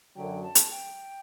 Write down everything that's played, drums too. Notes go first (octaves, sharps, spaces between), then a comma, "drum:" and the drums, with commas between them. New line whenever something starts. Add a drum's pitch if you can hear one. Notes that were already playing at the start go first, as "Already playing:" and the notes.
F#2 D3 F#3 G5
A5
drum: hi-hat
G5